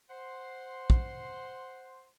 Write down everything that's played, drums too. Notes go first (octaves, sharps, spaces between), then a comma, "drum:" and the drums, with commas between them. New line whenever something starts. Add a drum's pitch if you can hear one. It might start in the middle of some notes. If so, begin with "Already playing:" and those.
C5 F#5 C6
drum: kick